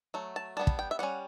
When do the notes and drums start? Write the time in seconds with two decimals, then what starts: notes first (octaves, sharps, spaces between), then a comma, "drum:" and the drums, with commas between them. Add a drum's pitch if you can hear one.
0.14 F#3 A3
0.36 A5
0.57 G3 B3 D4 A5
0.67 drum: kick
0.79 G5
0.91 E5
0.99 G3 C#4 F#5